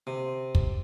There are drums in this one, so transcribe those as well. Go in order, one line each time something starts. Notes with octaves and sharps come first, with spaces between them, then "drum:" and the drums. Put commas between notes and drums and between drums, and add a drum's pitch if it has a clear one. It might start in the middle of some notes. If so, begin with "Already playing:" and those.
C3
drum: kick